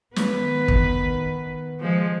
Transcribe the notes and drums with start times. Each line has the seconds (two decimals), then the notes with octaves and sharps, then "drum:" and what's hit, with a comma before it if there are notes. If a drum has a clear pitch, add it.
0.16 D#3 B3 B4, drum: snare
0.68 drum: kick
1.80 F3 G#3